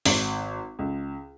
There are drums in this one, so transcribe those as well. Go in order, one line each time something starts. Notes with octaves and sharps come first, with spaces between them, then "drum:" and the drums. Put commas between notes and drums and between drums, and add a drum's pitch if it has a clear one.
G#1, drum: open hi-hat
C#2